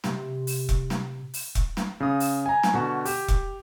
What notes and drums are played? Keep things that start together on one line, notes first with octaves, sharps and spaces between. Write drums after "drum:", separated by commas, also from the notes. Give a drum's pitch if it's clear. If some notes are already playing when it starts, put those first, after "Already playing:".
C3, drum: snare
drum: open hi-hat
drum: kick E1, hi-hat
drum: snare
drum: open hi-hat
drum: kick E1, hi-hat
drum: snare
C#3 D#6
drum: open hi-hat
G#5 A#5
drum: snare
B2 D3 F#4
G4, drum: open hi-hat
drum: kick E1, hi-hat